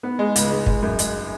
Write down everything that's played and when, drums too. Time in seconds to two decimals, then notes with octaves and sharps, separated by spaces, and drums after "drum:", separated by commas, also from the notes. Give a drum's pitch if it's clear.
0.03 B3
0.19 G#3
0.36 C#2, drum: hi-hat
0.50 G#3
0.66 G#3, drum: kick
0.82 F#2
0.99 G#3, drum: hi-hat